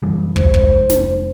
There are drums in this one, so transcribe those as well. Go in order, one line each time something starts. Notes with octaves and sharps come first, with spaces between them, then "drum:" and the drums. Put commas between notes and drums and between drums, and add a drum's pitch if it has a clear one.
F#2 E3 G3
F1 D#3 G#3 C5, drum: kick
drum: kick
drum: snare